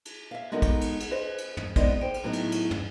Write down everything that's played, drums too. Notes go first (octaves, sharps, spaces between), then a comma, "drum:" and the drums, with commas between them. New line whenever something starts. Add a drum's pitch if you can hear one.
drum: cymbal
E5 F5
G#3 B3 D#4 F#4 A4 A#4
drum: kick, cymbal
drum: cymbal
drum: cymbal
B4 C5 D#5
drum: cymbal
drum: tom
G#3 B3 C4 D#4 D5 D#5, drum: kick, cymbal
C5 G5
drum: cymbal
A2 F#3 B3 C#4 D#4
drum: cymbal
drum: cymbal
drum: tom